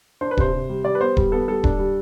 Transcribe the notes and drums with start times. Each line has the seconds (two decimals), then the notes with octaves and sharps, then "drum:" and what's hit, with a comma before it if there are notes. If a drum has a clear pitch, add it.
0.21 D4 C5
0.31 B4
0.37 C3 C5, drum: kick D#1
0.53 C3
0.69 G3
0.84 G3 D5
0.95 B4
1.00 B3 C5
1.17 G3, drum: kick D#1
1.32 B3 A4
1.48 G3 A4
1.64 D4, drum: kick D#1
1.79 G3